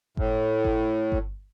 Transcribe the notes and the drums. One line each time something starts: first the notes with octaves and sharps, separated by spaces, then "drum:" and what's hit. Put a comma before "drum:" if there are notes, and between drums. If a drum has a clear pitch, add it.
A2, drum: kick G1
drum: kick G1
drum: kick G1